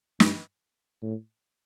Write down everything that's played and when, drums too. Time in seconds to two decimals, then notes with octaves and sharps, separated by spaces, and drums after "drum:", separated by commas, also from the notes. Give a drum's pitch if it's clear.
0.20 G2, drum: snare
1.02 A2